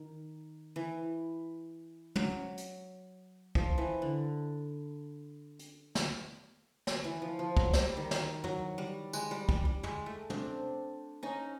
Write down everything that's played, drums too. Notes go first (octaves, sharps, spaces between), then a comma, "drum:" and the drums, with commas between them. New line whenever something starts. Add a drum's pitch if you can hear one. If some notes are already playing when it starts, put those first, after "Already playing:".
Already playing: D#3
E3
F#3, drum: tom
drum: hi-hat
F3, drum: kick
E3
D3
drum: hi-hat
drum: snare
drum: snare
E3
F3
F3
F#3, drum: kick
G3, drum: snare
D#3
drum: snare
F#3, drum: tom
G3
G#3, drum: tambourine
G3
G3, drum: kick
G3
G#3, drum: tom
A3
C4 D4, drum: tom
C#4 D#4